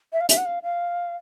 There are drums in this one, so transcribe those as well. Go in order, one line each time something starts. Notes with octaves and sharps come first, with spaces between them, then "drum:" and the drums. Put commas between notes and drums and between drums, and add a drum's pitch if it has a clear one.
E5
F5
E5, drum: hi-hat
F#5
F5
F5